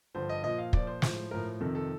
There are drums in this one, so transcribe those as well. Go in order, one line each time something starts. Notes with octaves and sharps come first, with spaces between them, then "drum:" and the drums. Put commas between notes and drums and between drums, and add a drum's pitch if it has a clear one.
G2 D3 F3 C5
D#5
A#2 F3 D#5
F5
A#2 F3 D5, drum: kick
C5
A2 F3, drum: snare
A2 F3 A#4
F2 C3 D#3 A4
A4